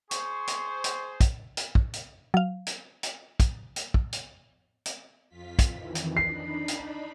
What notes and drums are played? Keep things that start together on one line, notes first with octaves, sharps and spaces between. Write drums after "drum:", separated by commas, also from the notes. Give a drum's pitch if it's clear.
G#4 C5 C#6, drum: hi-hat
drum: hi-hat
drum: hi-hat
drum: kick, hi-hat
drum: hi-hat
drum: kick
drum: hi-hat
F#3 F5
drum: hi-hat
drum: hi-hat
drum: kick, hi-hat
drum: hi-hat
drum: kick
drum: hi-hat
drum: hi-hat
F2 F4 B6
drum: kick, hi-hat
F2 D#3 E3
drum: hi-hat
D4 D#4 B5 C7
drum: hi-hat